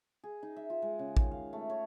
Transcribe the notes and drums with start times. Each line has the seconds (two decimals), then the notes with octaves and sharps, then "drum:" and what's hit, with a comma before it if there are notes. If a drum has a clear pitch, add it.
0.24 G#4
0.43 D#4
0.56 E5
0.70 F4
0.82 G#3
0.99 C#3
1.17 D#3, drum: kick
1.31 F5
1.53 A3
1.70 C#5